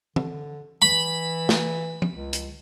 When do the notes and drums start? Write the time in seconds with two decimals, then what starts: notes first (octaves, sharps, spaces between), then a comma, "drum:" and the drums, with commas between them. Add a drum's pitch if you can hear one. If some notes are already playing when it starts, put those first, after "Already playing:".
0.16 D3, drum: tom
0.82 E3 B5
1.49 drum: snare
2.02 drum: tom
2.13 C#2
2.33 drum: hi-hat